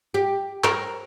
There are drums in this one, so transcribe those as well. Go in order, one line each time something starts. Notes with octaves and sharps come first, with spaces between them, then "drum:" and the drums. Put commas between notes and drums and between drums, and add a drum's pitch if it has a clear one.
G4
A#4, drum: clap